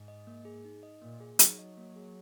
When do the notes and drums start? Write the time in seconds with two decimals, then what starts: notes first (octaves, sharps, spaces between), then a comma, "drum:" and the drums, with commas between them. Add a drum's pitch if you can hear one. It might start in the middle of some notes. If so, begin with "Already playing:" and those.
Already playing: G#2
0.08 D#5
0.27 A#3
0.45 G#4
0.65 D#4
0.83 D#5
1.02 A#2 A#3
1.20 G#4
1.39 F#3 D#4, drum: hi-hat
1.59 D#5
1.77 A#3
1.96 G#4